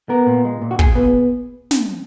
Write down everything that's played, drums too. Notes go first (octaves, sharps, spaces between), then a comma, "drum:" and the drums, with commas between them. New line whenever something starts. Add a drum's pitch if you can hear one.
B3 A#4
A#2
G#3
A#2
F#4
A#2 G#4, drum: kick
B3
drum: snare